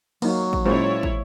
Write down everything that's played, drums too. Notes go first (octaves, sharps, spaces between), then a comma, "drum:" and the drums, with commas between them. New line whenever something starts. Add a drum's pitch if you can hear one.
F#3 A#3 D#4, drum: cymbal
drum: kick
A#2 G#3 C#4 E4 C5 C#5
drum: kick